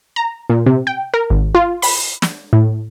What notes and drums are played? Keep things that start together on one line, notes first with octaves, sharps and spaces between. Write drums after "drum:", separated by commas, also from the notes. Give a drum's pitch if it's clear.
A#5
A#2
C3
G5
A#4
G#1
F4
B5, drum: open hi-hat
drum: snare
A2